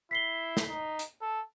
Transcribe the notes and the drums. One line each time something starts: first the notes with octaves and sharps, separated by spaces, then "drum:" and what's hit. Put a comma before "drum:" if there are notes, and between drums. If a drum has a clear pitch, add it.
E4 B6 C7 G7
drum: snare
D#4
drum: hi-hat
A4